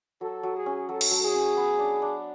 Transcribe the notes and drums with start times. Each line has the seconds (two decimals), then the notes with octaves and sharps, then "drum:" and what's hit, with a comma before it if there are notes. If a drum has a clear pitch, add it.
0.21 F#3 A4
0.43 F#3
0.55 G#4
0.66 C#4
0.88 F#3 A4
1.01 drum: cymbal
1.11 F#3
1.23 G#4
1.34 C#4
1.57 B3
1.79 D4
2.02 D4